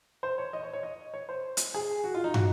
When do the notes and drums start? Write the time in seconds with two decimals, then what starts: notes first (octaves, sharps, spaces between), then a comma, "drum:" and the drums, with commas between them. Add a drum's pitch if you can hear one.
0.23 C5
0.38 C#5
0.53 D#5
0.63 C#5
0.73 C#5
0.83 D#5
1.14 C#5
1.29 C5
1.57 drum: hi-hat
1.74 G#4
2.04 F#4
2.15 F4
2.24 D#4
2.34 F#4, drum: tom